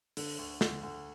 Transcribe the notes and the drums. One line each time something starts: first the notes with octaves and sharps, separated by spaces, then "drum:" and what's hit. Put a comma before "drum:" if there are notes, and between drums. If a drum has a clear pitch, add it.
D3, drum: open hi-hat
D2
D2, drum: snare
D2